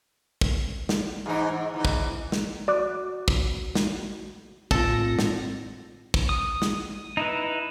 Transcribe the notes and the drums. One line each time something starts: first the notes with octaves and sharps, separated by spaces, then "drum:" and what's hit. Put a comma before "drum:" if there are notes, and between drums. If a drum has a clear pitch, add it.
drum: kick
drum: snare
G#2 E3 D#4
G#2
E2 E3 D#4
drum: kick
drum: snare
F#4 D5 D6 F#6
drum: kick
drum: snare
A2 C4 F4 A4 A#6, drum: kick
drum: snare
drum: kick
D#6
drum: snare
D#4 E4 B4